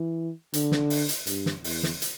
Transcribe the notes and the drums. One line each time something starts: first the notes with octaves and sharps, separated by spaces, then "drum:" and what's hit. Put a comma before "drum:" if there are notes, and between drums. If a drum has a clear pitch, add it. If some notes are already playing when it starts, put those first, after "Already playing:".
Already playing: E3
D3, drum: hi-hat
drum: snare
drum: open hi-hat
drum: hi-hat
G2, drum: hi-hat
drum: snare
E2, drum: open hi-hat
drum: snare
drum: hi-hat